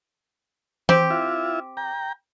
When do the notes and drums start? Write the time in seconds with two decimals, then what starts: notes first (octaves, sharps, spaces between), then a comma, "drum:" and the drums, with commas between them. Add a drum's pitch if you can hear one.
0.89 C4 G4, drum: tom E3
1.10 E4 F4 E5
1.77 G5 A#5